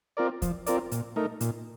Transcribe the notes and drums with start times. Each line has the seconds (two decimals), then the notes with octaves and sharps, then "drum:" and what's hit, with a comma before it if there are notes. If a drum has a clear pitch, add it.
0.17 C4 F4 A#4 D5
0.42 F3, drum: kick, hi-hat
0.66 C4 F4 A#4 D5, drum: hi-hat
0.92 A#2, drum: hi-hat
1.16 A3 D#4 A#4
1.41 A#2, drum: hi-hat